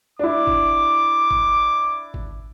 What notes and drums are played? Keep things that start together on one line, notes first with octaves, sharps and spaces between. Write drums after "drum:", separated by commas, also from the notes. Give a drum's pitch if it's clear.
D4 E4 D6
drum: kick G#1
drum: kick G#1
drum: kick G#1